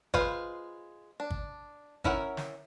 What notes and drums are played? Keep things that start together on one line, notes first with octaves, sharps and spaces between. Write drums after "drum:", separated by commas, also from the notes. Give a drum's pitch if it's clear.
G#3 F4 B4 C5 F5, drum: kick
D4
drum: kick
C#4 E4 A#4 F#5, drum: kick
drum: snare